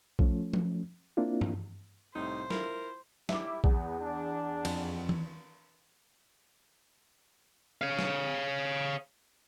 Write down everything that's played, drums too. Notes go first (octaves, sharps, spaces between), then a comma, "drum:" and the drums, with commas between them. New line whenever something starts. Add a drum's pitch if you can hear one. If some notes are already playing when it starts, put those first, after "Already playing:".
F3 A3 C#4, drum: kick A#1
drum: tom F3
A#3 C4 D4 E4 F4
drum: tom G2
C2 A2 C3 D#4 C5
E4 F4 A#4 B5, drum: snare
G3 E4 E5 D6, drum: snare
E2 B3, drum: kick A#1
D4
F2, drum: cymbal
drum: tom E3
C#5 F5
drum: snare